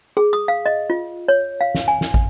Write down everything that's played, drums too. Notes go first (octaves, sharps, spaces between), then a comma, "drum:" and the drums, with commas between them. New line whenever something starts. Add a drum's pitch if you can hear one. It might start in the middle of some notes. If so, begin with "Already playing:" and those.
G#4
D#6
F5
D#5
F4
C#5
F5
drum: snare
G#5
drum: snare
drum: kick